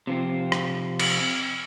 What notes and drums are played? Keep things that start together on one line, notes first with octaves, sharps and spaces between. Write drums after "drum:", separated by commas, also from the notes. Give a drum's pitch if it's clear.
C3 F3 C4
drum: rim click
drum: cymbal